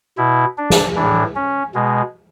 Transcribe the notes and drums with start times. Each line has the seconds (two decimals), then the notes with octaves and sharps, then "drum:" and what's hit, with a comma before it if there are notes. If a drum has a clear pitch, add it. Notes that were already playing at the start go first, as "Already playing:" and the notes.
0.17 B2 E4
0.58 D4
0.70 drum: snare
0.96 A2 E3 D4
1.36 C#4
1.75 B2 G#3